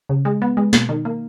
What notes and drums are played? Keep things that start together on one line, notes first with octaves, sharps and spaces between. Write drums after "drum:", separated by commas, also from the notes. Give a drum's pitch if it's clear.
C#3
G#3
B3
G#3
B2, drum: snare
D#3
A#3